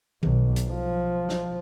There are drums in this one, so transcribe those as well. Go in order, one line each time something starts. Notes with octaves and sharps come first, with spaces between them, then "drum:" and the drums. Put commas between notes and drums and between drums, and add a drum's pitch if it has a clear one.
B1, drum: tom D#3
drum: hi-hat
F3
drum: snare